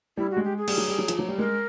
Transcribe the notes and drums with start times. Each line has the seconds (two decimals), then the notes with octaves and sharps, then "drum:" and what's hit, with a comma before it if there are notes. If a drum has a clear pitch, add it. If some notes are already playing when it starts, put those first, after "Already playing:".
0.17 G3 E4
0.31 F#4
0.37 G#3
0.44 G4
0.57 G#4
0.68 G3, drum: cymbal
0.78 F#3
0.88 G3
0.98 F#3
1.08 F3, drum: hi-hat
1.19 F#3
1.29 G3
1.38 G#3 A#4